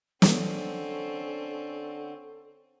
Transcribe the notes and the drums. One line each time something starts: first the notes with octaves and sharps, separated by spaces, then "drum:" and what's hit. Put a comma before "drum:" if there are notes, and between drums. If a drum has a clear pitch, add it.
D3 C4 C#4 A4, drum: snare